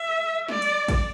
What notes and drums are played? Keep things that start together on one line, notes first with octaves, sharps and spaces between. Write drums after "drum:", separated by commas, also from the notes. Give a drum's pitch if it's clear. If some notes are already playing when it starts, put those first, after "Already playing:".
Already playing: E5
D5, drum: snare
drum: cymbal
drum: kick, cymbal